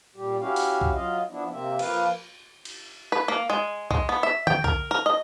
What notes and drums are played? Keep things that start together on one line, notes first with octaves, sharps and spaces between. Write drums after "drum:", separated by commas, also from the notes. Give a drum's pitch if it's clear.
A#2 G3 G4
C#4 E4 F#4 G4 F5
drum: open hi-hat
drum: kick B1
F#3 F4 D#5 F5
F3 B3 D4 E4
C3 A#3 C4 E5
F3 A#3 B4 F5, drum: cymbal
drum: cymbal
B4
A#3
G#3
G#3, drum: kick B1
B3
E5
G5, drum: tom D3
A#4, drum: kick B1
A#4
D#5